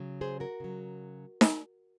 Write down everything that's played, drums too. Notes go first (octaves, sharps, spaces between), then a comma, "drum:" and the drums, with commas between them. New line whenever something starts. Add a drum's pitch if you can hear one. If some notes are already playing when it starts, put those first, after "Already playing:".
Already playing: C#3 F#3
G#4 C5
F#4 A#4
C#3 F#3
drum: snare D#4